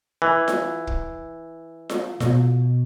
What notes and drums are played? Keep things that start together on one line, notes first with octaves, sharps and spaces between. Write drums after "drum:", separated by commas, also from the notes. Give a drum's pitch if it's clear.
E3
drum: snare F4
drum: kick
drum: snare F4
B2, drum: snare F4